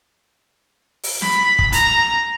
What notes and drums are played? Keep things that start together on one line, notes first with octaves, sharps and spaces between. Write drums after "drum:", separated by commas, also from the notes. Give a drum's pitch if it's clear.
drum: open hi-hat
B5, drum: snare
drum: kick
A#5, drum: hi-hat